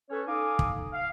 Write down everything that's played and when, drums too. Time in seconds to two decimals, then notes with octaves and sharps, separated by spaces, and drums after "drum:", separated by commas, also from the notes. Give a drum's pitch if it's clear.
0.10 C#4 A4 B4 C#5
0.26 D#4 A4 F5 G#5 D6 D#6
0.59 drum: kick
0.93 F5